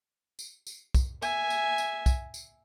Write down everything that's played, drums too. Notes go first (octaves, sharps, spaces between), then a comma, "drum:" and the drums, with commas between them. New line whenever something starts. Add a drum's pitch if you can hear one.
drum: tambourine
drum: tambourine
drum: kick, tambourine
E5 G#5, drum: tambourine
drum: tambourine
drum: tambourine
drum: kick, tambourine
drum: tambourine